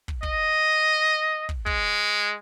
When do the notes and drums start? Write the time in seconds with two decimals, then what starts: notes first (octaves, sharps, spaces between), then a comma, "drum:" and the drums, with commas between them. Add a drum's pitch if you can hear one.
0.08 drum: kick
0.23 D#5, drum: kick
1.49 drum: kick
1.66 G#3, drum: kick